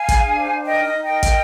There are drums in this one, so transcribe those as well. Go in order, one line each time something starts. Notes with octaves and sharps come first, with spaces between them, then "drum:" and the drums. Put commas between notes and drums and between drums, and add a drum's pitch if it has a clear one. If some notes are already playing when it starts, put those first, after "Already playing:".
Already playing: F5 G#5
G#4, drum: kick, hi-hat
D4
C5
D4
A#4 D#5 G5
D#4 D#5
D#4
A#4 D#5 G5
A#4, drum: kick, hi-hat